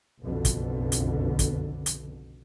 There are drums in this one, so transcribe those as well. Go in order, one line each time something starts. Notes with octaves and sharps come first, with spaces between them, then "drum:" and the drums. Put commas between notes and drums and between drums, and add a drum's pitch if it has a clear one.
F#1 B1 F2 B2 D3
drum: kick, hi-hat
drum: hi-hat
drum: kick, hi-hat
drum: hi-hat